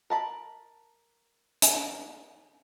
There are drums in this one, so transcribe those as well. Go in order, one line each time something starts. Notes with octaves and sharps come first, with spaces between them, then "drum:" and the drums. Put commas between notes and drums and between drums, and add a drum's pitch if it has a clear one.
A#4 A5 B5
drum: hi-hat